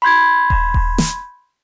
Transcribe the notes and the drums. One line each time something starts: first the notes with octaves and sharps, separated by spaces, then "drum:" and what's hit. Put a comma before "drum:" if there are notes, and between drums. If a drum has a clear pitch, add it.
B5 C6 G6 G#6
drum: kick D#1
drum: kick D#1
drum: snare